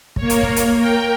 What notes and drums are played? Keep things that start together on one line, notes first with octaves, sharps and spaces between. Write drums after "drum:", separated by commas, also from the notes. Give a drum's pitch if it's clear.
A#3 C#5, drum: kick
drum: hi-hat
drum: kick
drum: hi-hat
A#4 G5